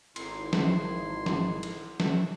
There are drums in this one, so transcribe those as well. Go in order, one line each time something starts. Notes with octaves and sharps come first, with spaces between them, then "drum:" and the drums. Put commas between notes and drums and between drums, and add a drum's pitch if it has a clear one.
G#1 D#4 E4 C6, drum: cymbal
drum: snare
drum: snare
drum: cymbal
drum: snare